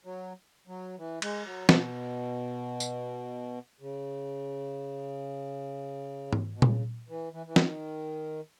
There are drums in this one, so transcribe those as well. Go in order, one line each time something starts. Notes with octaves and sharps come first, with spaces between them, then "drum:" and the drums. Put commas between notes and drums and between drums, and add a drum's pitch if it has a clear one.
F#3
F#3
E3
G#3, drum: cymbal
F#3
B2, drum: snare
drum: tambourine
C#3
drum: tom G#2
B2
C#3, drum: tom A#2
E3
E3
E3
D#3, drum: snare